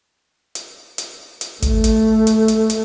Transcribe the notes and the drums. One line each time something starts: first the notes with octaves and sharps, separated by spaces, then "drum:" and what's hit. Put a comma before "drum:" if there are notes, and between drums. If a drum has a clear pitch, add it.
drum: hi-hat
drum: hi-hat
drum: hi-hat
A3, drum: kick, hi-hat
drum: hi-hat
drum: hi-hat
drum: hi-hat
drum: hi-hat